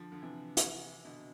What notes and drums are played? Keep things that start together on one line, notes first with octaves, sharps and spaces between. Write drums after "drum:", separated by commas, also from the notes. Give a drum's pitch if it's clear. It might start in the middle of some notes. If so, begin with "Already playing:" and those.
Already playing: D3 F3
D3 F3
C3 E3
drum: hi-hat
B2 D3